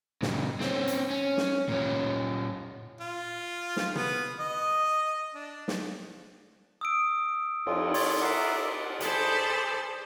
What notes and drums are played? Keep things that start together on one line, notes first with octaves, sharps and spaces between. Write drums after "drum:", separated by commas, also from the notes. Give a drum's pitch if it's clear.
A#2 C#3, drum: snare
C4 C#4, drum: snare
drum: hi-hat
C#4
drum: snare
A#2 C#4
F4
drum: snare
B3, drum: tom
D#5
D4
drum: snare
D#6 E6 D7
F2 F4, drum: cymbal
C#5 D5 C6 A6, drum: open hi-hat
A#4 E5 F#5 D6 C7
G#4 A4 B4 C5 D5 A5, drum: hi-hat